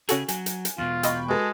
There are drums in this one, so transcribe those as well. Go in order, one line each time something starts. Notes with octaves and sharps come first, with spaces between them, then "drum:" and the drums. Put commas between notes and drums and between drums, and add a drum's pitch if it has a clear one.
C#3 C#4 F#4 G#4 A4, drum: hi-hat
F#3 G#5, drum: hi-hat
drum: hi-hat
drum: hi-hat
E2 B2 F4
D#5 G5 B5 C#6 E6, drum: hi-hat
G#3 F#4 A4 B4